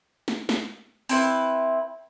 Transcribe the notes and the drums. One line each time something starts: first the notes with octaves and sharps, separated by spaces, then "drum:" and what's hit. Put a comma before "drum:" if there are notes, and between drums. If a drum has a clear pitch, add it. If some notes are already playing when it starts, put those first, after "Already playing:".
drum: snare
drum: snare
C4 E4 B4, drum: open hi-hat